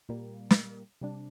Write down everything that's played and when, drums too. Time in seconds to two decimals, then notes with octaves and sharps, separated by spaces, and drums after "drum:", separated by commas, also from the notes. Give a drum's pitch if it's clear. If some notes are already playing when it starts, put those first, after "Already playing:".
0.09 A#2 G3 A#3
0.51 drum: snare
1.01 C3 G3 D4